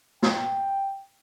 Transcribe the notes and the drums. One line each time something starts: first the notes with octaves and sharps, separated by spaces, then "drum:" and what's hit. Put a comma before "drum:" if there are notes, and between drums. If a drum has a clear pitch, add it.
G5, drum: snare